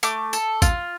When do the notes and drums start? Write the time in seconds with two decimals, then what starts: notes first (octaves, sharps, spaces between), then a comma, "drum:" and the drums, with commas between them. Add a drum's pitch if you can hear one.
0.03 A3 D6, drum: tambourine
0.33 A4, drum: tambourine
0.62 F4, drum: kick A1, tambourine